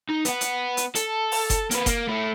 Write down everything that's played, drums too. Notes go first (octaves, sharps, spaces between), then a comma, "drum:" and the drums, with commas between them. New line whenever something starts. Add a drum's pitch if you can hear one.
D#4
B3 F#5, drum: hi-hat
drum: hi-hat
drum: hi-hat
A4, drum: hi-hat
drum: open hi-hat
drum: kick F#1, hi-hat
A#3 B4, drum: hi-hat
A#3, drum: kick F#1, hi-hat
A3 E4